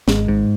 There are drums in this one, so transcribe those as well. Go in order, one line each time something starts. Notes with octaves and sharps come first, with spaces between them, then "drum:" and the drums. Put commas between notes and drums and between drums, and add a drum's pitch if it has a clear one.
G#1 G#3, drum: snare
G#2